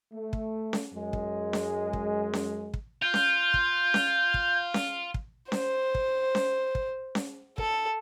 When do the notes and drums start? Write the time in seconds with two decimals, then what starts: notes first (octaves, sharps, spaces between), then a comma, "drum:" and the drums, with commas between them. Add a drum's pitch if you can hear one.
0.13 A3
0.33 drum: kick
0.73 drum: snare C#4
0.95 F#2 G#3
1.13 drum: kick
1.53 drum: snare C#4
1.93 drum: kick
2.33 drum: snare C#4
2.74 drum: kick
3.02 F4 G6
3.14 drum: snare C#4
3.54 drum: kick
3.94 drum: snare C#4
4.34 drum: kick
4.74 drum: snare C#4
5.14 drum: kick
5.52 C5, drum: snare C#4
5.95 drum: kick
6.35 drum: snare C#4
6.75 drum: kick
7.15 drum: snare C#4
7.58 A4, drum: kick